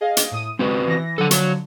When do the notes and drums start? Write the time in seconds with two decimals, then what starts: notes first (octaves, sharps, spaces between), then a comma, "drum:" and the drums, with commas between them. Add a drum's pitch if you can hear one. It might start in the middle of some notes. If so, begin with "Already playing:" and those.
0.01 G#4 D#5 F5
0.17 drum: hi-hat
0.31 A2 D#6 D#7
0.59 G#3 C4 F#4 B4
0.87 E3 A#6
1.18 D3 F3 F#3 A4 F#5
1.31 F#4 C#5, drum: hi-hat